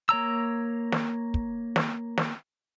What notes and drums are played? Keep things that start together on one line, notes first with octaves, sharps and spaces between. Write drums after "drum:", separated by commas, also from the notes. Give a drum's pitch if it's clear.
A#3 C#5 A#5 E6
drum: snare
drum: kick
drum: snare
drum: snare